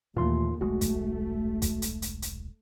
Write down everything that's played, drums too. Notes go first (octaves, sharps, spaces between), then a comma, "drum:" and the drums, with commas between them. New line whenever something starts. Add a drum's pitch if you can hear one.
D#2 A#2 E3 A3 F4 C6
D#1 B1 G#3 A3 F#4
drum: kick, hi-hat
drum: kick, hi-hat
drum: hi-hat
drum: hi-hat
drum: hi-hat